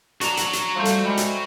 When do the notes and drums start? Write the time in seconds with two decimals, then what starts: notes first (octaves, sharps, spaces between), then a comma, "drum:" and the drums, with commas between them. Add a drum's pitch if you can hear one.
0.21 D4 F#4 A#5, drum: hi-hat
0.37 drum: hi-hat
0.53 drum: hi-hat
0.75 F3 G3 A3 C5
0.85 drum: hi-hat
1.05 G3 G#3
1.17 drum: hi-hat